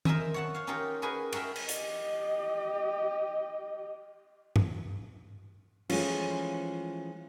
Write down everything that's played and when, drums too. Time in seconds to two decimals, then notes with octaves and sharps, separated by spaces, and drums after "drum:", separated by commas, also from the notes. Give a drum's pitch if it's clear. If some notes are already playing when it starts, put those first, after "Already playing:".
0.05 A#4 C5 D#5 E5 G#5 A#5, drum: tom D#3
0.34 C#5 F#5 A5
0.54 C#5 F5
0.67 C#4 D#4 F4 G4 A#4 C#5
1.02 F#4 G#4 A#4 B4 G#5
1.33 F#4 G#4 A#4 E5 G5, drum: cymbal
1.55 drum: cymbal
1.69 G4 D#5, drum: hi-hat
4.56 drum: tom G2
5.89 E3 F3 G#3 A3 C#4 F4, drum: cymbal